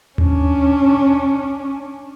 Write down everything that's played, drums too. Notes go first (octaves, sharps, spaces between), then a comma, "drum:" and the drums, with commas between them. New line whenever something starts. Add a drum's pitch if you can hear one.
C#4 D4, drum: tom D#2